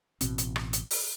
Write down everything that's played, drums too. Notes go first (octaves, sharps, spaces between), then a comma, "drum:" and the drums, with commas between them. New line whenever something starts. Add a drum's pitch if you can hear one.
A1 B2 C4, drum: hi-hat
drum: hi-hat
drum: rim click
drum: hi-hat
drum: open hi-hat